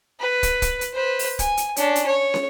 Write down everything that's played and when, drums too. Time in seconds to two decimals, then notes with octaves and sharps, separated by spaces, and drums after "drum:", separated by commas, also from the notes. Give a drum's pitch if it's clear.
0.19 B4
0.43 drum: kick, hi-hat
0.62 drum: kick, hi-hat
0.81 drum: hi-hat
0.93 B4 C5
1.19 drum: open hi-hat
1.39 G#5, drum: kick, hi-hat
1.57 drum: hi-hat
1.76 C#4 D4, drum: hi-hat
1.96 drum: hi-hat
2.06 C#5
2.34 drum: snare